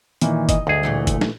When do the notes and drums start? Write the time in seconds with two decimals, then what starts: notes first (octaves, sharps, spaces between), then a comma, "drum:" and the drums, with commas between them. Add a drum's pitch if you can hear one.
0.21 A#2 D#3 E3, drum: hi-hat
0.49 D#5, drum: kick, hi-hat
0.67 D2 G2 G#4 D#5
0.83 A#2 E3 A3
1.07 drum: kick, hi-hat
1.21 drum: snare